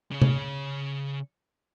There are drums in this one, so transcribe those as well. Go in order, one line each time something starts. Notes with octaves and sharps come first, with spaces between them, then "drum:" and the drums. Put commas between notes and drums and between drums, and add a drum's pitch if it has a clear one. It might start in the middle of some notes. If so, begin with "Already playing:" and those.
C#3 C#4
drum: tom C3